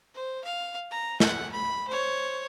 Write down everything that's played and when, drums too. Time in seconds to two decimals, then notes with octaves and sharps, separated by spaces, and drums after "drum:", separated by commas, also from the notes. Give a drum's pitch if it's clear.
0.14 C5
0.44 F5
0.91 A#5
1.20 F#5, drum: snare
1.52 B5
1.88 C5 C#5